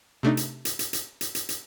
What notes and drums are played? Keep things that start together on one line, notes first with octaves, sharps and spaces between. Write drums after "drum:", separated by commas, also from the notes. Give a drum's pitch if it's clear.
C3 A3 D4 D#4
drum: hi-hat
drum: hi-hat
drum: hi-hat
drum: hi-hat
drum: hi-hat
drum: hi-hat
drum: hi-hat